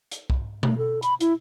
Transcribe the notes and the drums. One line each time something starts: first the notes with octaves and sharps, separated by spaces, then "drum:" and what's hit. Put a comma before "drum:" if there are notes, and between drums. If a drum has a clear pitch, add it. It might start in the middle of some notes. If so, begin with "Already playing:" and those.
drum: hi-hat
drum: kick
A3, drum: tom B2
A4
B5, drum: hi-hat
E4, drum: hi-hat